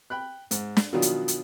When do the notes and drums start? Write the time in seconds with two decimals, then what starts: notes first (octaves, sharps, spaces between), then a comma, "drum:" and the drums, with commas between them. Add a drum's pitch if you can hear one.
0.10 G5 B5 F#6
0.51 G#2, drum: hi-hat
0.77 drum: snare
0.93 B2 D#3 F3 F#3 D4
1.02 drum: hi-hat
1.28 drum: hi-hat